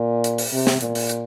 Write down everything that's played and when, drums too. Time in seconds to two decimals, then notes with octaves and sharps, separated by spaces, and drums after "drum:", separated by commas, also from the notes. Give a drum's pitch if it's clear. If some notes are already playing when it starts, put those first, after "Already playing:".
Already playing: A#2
0.24 drum: hi-hat
0.38 drum: open hi-hat
0.52 C3
0.67 drum: snare
0.81 A#2, drum: hi-hat
0.95 drum: open hi-hat
1.09 drum: hi-hat